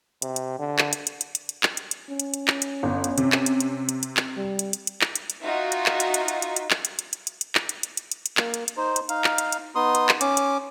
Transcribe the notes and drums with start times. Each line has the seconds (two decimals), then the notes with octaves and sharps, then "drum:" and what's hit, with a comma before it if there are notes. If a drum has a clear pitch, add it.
0.22 C3, drum: hi-hat
0.36 drum: hi-hat
0.59 D3
0.79 drum: clap
0.93 drum: hi-hat
1.07 drum: hi-hat
1.21 drum: hi-hat
1.35 drum: hi-hat
1.49 drum: hi-hat
1.63 drum: clap
1.77 drum: hi-hat
1.91 drum: hi-hat
2.10 C#4
2.20 drum: hi-hat
2.34 drum: hi-hat
2.48 drum: clap
2.62 drum: hi-hat
2.83 G1
3.04 drum: hi-hat
3.18 C3, drum: hi-hat
3.32 drum: clap
3.46 drum: hi-hat
3.60 drum: hi-hat
3.89 drum: hi-hat
4.03 drum: hi-hat
4.17 drum: clap
4.37 G3
4.59 drum: hi-hat
4.73 drum: hi-hat
4.87 drum: hi-hat
5.01 drum: clap
5.16 drum: hi-hat
5.30 drum: hi-hat
5.43 D#4 F4 F#4 E5
5.72 drum: hi-hat
5.86 drum: clap
6.00 drum: hi-hat
6.14 drum: hi-hat
6.28 drum: hi-hat
6.42 drum: hi-hat
6.56 drum: hi-hat
6.71 drum: clap
6.85 drum: hi-hat
6.99 drum: hi-hat
7.13 drum: hi-hat
7.27 drum: hi-hat
7.41 drum: hi-hat
7.55 drum: clap
7.69 drum: hi-hat
7.83 drum: hi-hat
7.97 drum: hi-hat
8.12 drum: hi-hat
8.26 drum: hi-hat
8.37 A#3, drum: clap
8.54 drum: hi-hat
8.68 drum: hi-hat
8.77 D#4 C5
8.96 drum: hi-hat
9.09 D#4 F5, drum: hi-hat
9.24 drum: clap
9.38 drum: hi-hat
9.52 drum: hi-hat
9.75 B3 D#4 C6 D#6
9.95 drum: hi-hat
10.09 drum: clap
10.21 C#4 D6, drum: hi-hat
10.37 drum: hi-hat